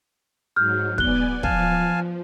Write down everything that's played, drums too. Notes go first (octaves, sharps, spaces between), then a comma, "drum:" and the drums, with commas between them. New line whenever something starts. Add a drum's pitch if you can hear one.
G#2 F#3 F6 G6
B3 D5 G#5 F#6 G7, drum: kick
F3 F5 G#5 A5, drum: kick